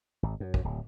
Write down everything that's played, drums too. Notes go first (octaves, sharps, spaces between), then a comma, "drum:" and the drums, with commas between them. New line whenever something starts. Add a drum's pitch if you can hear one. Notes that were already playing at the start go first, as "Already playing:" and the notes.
G#1
F#2
drum: kick
D1